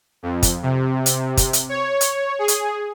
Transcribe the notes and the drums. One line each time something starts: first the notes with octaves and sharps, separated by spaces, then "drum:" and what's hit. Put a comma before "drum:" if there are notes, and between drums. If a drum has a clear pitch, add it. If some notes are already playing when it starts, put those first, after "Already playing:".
F2
drum: kick, hi-hat
C3
drum: hi-hat
drum: kick, hi-hat
drum: hi-hat
C#5
drum: hi-hat
G#4
drum: hi-hat